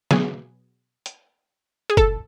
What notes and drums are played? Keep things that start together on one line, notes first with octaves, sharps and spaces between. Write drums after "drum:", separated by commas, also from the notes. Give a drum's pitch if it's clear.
B2 F#3 B3 G#4, drum: snare
drum: hi-hat
G#4
A4, drum: kick F#1